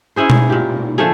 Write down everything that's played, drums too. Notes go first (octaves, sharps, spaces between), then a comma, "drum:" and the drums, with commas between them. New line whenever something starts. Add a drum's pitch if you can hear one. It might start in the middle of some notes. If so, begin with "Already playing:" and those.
C#4 E4 G#4 C5
drum: tom B2
A#2 G4
D3 F3 A3 G#4